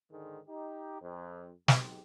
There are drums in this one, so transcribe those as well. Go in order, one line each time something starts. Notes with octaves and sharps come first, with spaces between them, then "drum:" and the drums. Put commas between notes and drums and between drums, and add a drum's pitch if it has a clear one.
G#2 D3 D#3 G#3
D#4 G4
F2
B1 G#2 G#3 G4, drum: snare